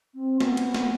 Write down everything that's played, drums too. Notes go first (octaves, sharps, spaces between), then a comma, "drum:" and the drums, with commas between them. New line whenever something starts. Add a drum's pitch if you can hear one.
C4
B3, drum: snare
drum: cymbal
drum: snare